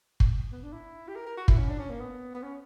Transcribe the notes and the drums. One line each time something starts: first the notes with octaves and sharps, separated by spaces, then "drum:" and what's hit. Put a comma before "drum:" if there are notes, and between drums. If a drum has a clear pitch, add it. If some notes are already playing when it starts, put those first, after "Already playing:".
drum: kick
B3
D4
E4
G4
A#4
A#4
F#4
E4, drum: kick
C#4
D4
C#4
A#3
B3
B3
C#4